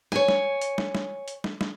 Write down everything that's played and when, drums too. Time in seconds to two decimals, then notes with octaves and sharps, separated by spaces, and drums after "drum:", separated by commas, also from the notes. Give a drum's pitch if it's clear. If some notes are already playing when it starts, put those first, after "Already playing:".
0.12 C#5 G#5, drum: snare
0.28 drum: snare
0.62 drum: hi-hat
0.78 drum: snare
0.95 drum: snare
1.28 drum: hi-hat
1.44 drum: snare
1.61 drum: snare